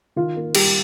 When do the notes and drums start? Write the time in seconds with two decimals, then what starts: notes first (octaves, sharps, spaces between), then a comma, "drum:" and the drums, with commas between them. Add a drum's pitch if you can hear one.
0.16 D#3 F4
0.36 A#3
0.55 G3 G4, drum: cymbal